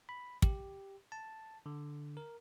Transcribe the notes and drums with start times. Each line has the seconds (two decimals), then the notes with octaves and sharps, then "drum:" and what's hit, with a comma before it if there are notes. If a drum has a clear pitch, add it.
0.09 B5
0.42 G4, drum: kick
1.12 A5
1.66 D3
2.17 A#4